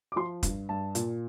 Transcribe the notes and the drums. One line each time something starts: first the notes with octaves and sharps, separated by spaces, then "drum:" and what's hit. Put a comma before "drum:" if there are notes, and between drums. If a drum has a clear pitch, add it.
D6
F3 C6
G2, drum: kick, hi-hat
G2 A5
A#2, drum: hi-hat